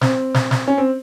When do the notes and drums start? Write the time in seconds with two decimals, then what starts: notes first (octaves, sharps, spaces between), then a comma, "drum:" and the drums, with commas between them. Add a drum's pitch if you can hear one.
0.01 C4, drum: snare
0.34 drum: snare
0.51 drum: snare
0.67 C#4
0.78 C4